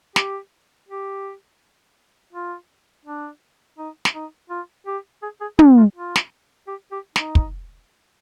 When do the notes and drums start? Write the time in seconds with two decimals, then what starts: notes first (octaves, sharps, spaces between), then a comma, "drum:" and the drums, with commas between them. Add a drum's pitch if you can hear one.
0.16 G4, drum: snare
0.89 G4
2.33 F4
3.06 D4
3.78 D#4
4.05 drum: snare
4.14 D#4
4.50 F4
4.86 G4
5.23 G#4
5.41 G#4
5.59 G#4, drum: tom
5.77 F4
5.96 F4
6.16 drum: snare
6.67 G4
6.92 G4
7.16 D#4, drum: snare
7.35 drum: kick